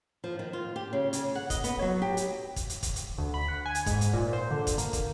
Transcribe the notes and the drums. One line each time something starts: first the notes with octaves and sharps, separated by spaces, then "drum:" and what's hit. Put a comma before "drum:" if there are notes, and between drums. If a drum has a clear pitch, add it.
F3
D#3
F4
G4
C#3
C#3, drum: hi-hat
F#5
D#5, drum: kick, hi-hat
B3, drum: hi-hat
F#3
G4
drum: hi-hat
drum: kick, hi-hat
drum: hi-hat
drum: kick, hi-hat
drum: hi-hat
D2
B5
F#5
G#5
drum: hi-hat
G#2, drum: kick, hi-hat
drum: hi-hat
A#2
C5
D3
drum: kick, hi-hat
A#3, drum: hi-hat
drum: kick, hi-hat